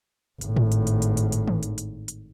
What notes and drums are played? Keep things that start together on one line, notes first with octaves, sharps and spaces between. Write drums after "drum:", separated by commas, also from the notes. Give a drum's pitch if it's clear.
G#1 A2, drum: hi-hat
drum: tom G#2
drum: hi-hat
drum: hi-hat
drum: hi-hat
drum: hi-hat
drum: hi-hat
drum: tom D#3
drum: hi-hat
drum: hi-hat
drum: hi-hat